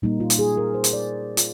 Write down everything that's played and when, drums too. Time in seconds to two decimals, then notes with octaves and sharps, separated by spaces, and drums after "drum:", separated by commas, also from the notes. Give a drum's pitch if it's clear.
0.02 A#2 G3 A#3 D#4
0.20 F4
0.30 drum: hi-hat
0.39 G#4
0.57 A#4
0.74 C5
0.84 drum: hi-hat
0.93 D5
1.37 F4, drum: hi-hat